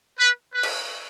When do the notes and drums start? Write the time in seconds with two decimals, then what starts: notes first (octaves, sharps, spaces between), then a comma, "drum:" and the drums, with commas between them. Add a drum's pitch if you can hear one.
0.18 B4
0.54 B4
0.63 drum: cymbal